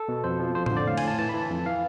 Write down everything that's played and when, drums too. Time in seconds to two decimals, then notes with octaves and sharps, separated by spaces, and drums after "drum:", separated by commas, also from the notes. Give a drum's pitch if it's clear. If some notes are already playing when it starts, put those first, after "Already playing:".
Already playing: A4
0.08 B2
0.24 F2 C5
0.40 F3
0.55 F2 C5
0.66 D3 C5, drum: tom A2
0.77 D5
0.87 A2 F5
0.97 G#5, drum: cymbal
1.03 A2 A5
1.19 E3 A5
1.29 E3 B5
1.39 A5
1.50 F2
1.66 E3 F5